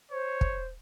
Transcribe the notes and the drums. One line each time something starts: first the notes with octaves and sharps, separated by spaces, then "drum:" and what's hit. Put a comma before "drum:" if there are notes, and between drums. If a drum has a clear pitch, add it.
C5 C#5
drum: kick